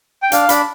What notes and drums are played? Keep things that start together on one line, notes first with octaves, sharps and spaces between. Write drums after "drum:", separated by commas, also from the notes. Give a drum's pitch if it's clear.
G5
D4 F5, drum: hi-hat
D4 B5, drum: hi-hat